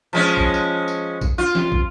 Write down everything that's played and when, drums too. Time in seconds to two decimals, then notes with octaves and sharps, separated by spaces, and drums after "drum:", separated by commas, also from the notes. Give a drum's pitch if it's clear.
0.13 F3 G#3 C#4
0.37 drum: kick
0.54 drum: tambourine
0.88 drum: tambourine
1.21 drum: kick, tambourine
1.38 F4
1.55 drum: snare
1.72 drum: kick